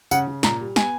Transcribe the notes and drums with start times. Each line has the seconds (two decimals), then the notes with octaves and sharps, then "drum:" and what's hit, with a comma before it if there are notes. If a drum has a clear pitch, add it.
0.11 C#3 F#5, drum: tambourine
0.27 C#3
0.43 A#2 A#5, drum: snare
0.60 G3
0.76 B3 G#5, drum: snare